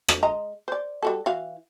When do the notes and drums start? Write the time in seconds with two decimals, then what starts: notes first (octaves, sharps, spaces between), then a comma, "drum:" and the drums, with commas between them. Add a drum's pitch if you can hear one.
0.08 drum: rim click
0.23 G#3 D#5 A#5
0.68 C5 D5
1.03 G3 F#4 A4
1.26 E3 F#4 F5